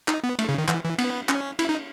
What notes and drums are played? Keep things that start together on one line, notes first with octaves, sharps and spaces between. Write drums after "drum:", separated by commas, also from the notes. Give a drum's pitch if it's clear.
D#4, drum: clap
B3
A3, drum: cymbal
C#3
D#3
E3, drum: clap
E3
B3, drum: cymbal
C#4, drum: clap
E4, drum: cymbal
D#4